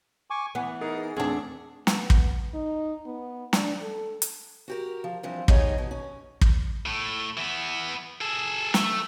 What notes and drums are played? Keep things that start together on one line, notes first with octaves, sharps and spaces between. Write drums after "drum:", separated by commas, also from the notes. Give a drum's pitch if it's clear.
G#5 C#6 D6
E3 B3
D#4 G#4 A#4 A6
E2 A3 C4 D4 G#4 F#5
B3, drum: snare
drum: kick
D#4
B3
D4, drum: snare
A4
drum: hi-hat
F#4 G4 A#4
F3
E3 F3 G3 C4 D4
B3 D#4 G4 G#4 C#5 D#5, drum: kick
B2
C#4
drum: kick
A2
E3 B3
G#4 A4
A3, drum: snare